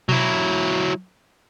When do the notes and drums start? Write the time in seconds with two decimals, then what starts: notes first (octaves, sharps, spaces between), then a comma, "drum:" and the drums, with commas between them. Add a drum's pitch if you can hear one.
0.09 F#3 E4, drum: tom B2